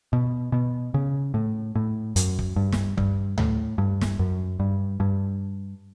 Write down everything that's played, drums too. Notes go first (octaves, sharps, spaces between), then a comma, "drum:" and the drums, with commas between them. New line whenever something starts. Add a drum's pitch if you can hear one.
B2
B2
C#3
A2
A2
F#2, drum: hi-hat
drum: kick
G2
drum: snare
G2, drum: kick
A2, drum: tom D2
G2
drum: snare
F#2
G2
G2